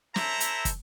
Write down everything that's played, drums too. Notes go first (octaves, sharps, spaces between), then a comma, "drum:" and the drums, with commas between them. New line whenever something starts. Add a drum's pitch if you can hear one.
E4 A4 C5 E5 A#5, drum: snare
drum: hi-hat
drum: kick, hi-hat